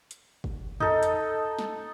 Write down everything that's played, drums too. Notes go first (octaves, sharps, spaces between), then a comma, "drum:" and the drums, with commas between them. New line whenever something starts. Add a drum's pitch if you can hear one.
drum: hi-hat
drum: kick
D#4 A4, drum: tom E2
drum: hi-hat
drum: snare